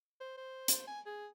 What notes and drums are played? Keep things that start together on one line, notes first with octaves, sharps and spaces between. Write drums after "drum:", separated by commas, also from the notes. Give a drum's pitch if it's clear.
C5
C5
drum: hi-hat
G#5
G#4